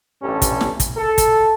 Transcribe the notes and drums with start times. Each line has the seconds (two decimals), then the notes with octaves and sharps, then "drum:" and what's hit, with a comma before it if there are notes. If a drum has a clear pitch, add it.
0.23 A1 G2 G3 C#4 A4
0.42 drum: kick, hi-hat
0.61 drum: snare
0.80 drum: kick, hi-hat
0.97 A4
1.18 drum: kick, hi-hat